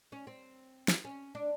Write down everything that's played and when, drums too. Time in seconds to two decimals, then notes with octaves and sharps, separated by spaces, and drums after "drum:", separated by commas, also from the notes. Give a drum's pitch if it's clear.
0.12 C#4
0.27 C4
0.88 drum: snare
1.05 C#4
1.35 D4